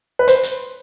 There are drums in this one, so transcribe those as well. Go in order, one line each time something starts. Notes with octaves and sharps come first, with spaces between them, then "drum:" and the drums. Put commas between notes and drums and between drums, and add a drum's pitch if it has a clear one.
B4
C5, drum: hi-hat
drum: hi-hat